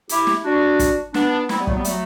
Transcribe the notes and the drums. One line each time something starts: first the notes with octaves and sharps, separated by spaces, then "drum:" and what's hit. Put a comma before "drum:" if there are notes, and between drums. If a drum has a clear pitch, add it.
E4 G4, drum: hi-hat
drum: snare
D4 F#4
drum: kick, hi-hat
B3 D4, drum: snare
C4 E4, drum: snare
G3 B3
F#3 A3, drum: kick
G3 B3
F#3 A3, drum: hi-hat